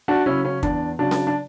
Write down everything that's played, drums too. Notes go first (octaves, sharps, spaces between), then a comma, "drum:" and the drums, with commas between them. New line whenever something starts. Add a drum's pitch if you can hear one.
D4 F#4
C#3 F#3 C#4 E4
C#4
E2 D4, drum: kick
C#3 F#3 D4
drum: snare C#4
D4